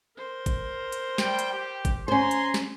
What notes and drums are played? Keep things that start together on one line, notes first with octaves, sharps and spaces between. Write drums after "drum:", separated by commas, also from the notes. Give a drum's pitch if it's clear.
A#4 C5
drum: kick, hi-hat
drum: hi-hat
G3 G5, drum: snare
drum: hi-hat
G4
drum: kick, hi-hat
C#4 C5 G#5 A#5 C6
drum: hi-hat
drum: snare